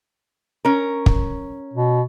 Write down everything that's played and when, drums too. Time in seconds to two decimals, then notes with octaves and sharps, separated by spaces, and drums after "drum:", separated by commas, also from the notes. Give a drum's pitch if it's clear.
0.65 C#4 A#4
1.06 drum: kick
1.74 B2